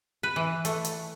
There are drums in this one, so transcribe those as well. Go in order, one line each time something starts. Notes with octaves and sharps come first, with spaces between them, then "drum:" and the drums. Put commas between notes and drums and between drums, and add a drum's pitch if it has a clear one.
B4
E3
A3, drum: hi-hat
drum: hi-hat